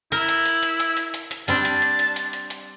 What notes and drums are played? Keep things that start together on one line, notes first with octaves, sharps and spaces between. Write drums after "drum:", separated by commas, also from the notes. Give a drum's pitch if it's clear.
E4 A#4, drum: hi-hat
drum: hi-hat
drum: hi-hat
drum: hi-hat
drum: hi-hat
drum: hi-hat
drum: hi-hat
drum: hi-hat
G3 C4 D4 A5, drum: hi-hat
drum: hi-hat
drum: hi-hat
drum: hi-hat
drum: hi-hat
drum: hi-hat
drum: hi-hat